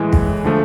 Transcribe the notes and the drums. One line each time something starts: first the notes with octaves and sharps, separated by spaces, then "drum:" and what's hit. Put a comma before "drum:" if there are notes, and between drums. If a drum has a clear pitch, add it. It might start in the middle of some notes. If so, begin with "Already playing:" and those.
Already playing: A2 E3 G#3
drum: kick
D3 F3 A3